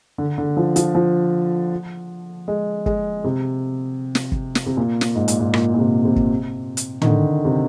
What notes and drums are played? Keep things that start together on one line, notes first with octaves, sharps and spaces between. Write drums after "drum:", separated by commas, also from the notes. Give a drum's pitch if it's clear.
D3
D3
F3
F3, drum: hi-hat
F3
G#3
G#3, drum: kick
C3
drum: snare
drum: kick
drum: snare
C3
A#2
drum: snare
G#2
A#2, drum: hi-hat
G#2
A#2, drum: rim click
A#2
C3
C3
drum: kick
drum: hi-hat
D#3, drum: tom
D3
C3